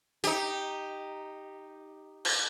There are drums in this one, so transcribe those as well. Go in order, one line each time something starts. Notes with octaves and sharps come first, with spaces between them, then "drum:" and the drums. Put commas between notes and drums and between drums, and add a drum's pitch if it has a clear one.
D#4 G4, drum: hi-hat
drum: cymbal